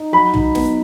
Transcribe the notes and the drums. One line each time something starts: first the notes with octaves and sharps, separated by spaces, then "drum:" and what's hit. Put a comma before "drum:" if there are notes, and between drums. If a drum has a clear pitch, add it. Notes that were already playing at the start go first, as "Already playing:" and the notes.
Already playing: D#4
F#3 B5
D#4, drum: tom
B3, drum: snare